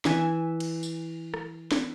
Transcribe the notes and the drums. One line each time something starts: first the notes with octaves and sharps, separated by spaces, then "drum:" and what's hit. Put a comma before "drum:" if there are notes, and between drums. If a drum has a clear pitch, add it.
E3 E5 G#5, drum: snare
drum: cymbal
drum: tambourine
drum: rim click
drum: snare